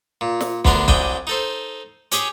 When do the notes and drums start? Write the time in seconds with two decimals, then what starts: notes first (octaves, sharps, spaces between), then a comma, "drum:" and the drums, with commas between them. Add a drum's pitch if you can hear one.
0.21 A#2
0.41 drum: snare
0.65 D2 D3 B3 D4 A#4 C6, drum: kick
0.88 C2 F#3 D4 D#5 G5 G#5, drum: kick
1.27 D#4 A4 C5
2.12 C#4 G4 G#4 C#5, drum: hi-hat